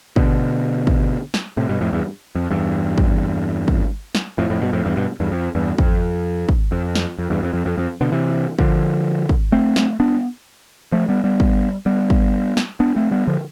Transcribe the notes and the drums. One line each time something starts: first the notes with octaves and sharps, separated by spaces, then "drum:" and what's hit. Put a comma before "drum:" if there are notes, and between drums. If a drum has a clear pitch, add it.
B2 D3, drum: kick
drum: kick
drum: snare
A2 C3
G2 B2
F2 A2
E2 G2
F2
E2 G2
drum: kick
drum: kick
drum: snare
F2 A2
F2 A2
G2 B2
F2 A2
E2 G2
G2 B2
E2 G2
F2
E2 G2
F2, drum: kick
drum: kick
F2
drum: snare
F2
E2 G2
F2
F2
F2
F2
B2 D3
C3 E3
D3 F3, drum: kick
drum: kick
A3 C4
drum: snare
B3 D4
F3 A3
G3 B3
G3 B3
drum: kick
G3 B3
drum: kick
drum: snare
B3 D4
A3 C4
G3 B3
D3 F3